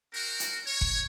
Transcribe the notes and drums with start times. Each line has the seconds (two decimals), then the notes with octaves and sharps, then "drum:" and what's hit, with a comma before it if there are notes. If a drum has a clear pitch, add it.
0.13 C4 F#4 A#4
0.40 drum: hi-hat
0.65 C#5
0.81 drum: kick F#1